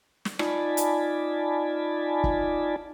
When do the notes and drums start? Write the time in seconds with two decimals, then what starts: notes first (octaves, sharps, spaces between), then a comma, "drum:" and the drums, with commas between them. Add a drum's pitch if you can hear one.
0.25 drum: snare
0.39 D#4 F4 D5 G#5 A5 B5, drum: rim click
0.77 drum: hi-hat
2.24 drum: kick